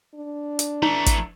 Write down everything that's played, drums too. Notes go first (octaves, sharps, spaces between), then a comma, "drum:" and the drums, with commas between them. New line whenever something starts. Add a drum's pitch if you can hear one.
D4
drum: hi-hat
E3 A3 D#4 A#5
drum: kick, hi-hat